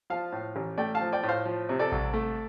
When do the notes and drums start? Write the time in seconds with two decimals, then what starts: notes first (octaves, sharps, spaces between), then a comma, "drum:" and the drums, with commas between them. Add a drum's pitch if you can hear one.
0.10 F3 F5 A5
0.32 A2
0.56 A1
0.78 A3 D5 G5
0.95 F5 A5
1.01 F3
1.12 D5 G5
1.23 A2
1.29 C5 F5
1.45 F3
1.69 C3
1.79 A4 D5
1.92 C2, drum: kick A1
2.14 A3